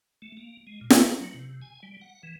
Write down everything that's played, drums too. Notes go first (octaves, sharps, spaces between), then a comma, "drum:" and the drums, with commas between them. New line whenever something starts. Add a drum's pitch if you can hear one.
A3
A#3
G#3
A#2
drum: snare
D#4
F#3
C3
G#5
G3
F#5
E3